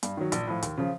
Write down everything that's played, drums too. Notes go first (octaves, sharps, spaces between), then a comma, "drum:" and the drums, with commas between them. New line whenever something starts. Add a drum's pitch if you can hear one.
G2, drum: hi-hat
D#3 F#3
A#1, drum: hi-hat
A2 F3
D#2, drum: hi-hat
C#3 F3